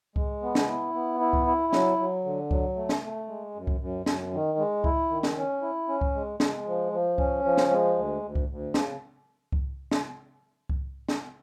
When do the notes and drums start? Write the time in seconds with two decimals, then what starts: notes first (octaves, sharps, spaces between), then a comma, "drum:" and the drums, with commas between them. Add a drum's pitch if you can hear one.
0.16 G#3, drum: kick C2
0.42 B3
0.55 drum: snare
0.69 E4
0.94 B3
1.20 E4
1.33 drum: kick C2
1.47 E4
1.73 F#3, drum: snare
1.98 F#3
2.24 D3
2.51 F#3, drum: kick C2
2.76 A3
2.89 drum: snare
3.02 A3
3.28 G#3
3.54 F#2
3.67 drum: kick C2
3.81 F#2
4.06 F#2, drum: snare
4.33 D#3
4.59 G#3
4.84 E4, drum: kick C2
5.10 D#3
5.23 drum: snare
5.37 C#4
5.62 E4
5.88 C#4
6.01 drum: kick C2
6.15 G#3
6.40 G#3, drum: snare
6.66 F3
6.92 F3
7.18 C#4, drum: kick C2
7.44 F3
7.57 drum: snare
7.71 G#3
7.96 D2
8.23 D2
8.35 drum: kick C2
8.48 D2
8.74 C#3, drum: snare
9.52 drum: kick C2
9.91 drum: snare
10.69 drum: kick C2
11.08 drum: snare